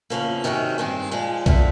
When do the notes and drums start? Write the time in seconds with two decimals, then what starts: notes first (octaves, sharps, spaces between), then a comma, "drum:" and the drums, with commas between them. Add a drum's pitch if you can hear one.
0.10 E2 C#3 F3 A#3
0.44 C3 D#3 G#3 C#4 F#4
0.78 G2 D#3 G#3 C4
1.11 A#2 F3 G#3
1.46 D3 F3 A3 C4, drum: kick B1